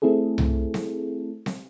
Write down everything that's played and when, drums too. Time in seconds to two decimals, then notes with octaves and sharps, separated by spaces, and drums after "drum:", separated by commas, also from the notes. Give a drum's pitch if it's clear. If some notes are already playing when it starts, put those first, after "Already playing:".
0.02 A3 C4 E4 G#4 A4
0.38 drum: tom C2
0.74 drum: snare C4
1.46 drum: snare C4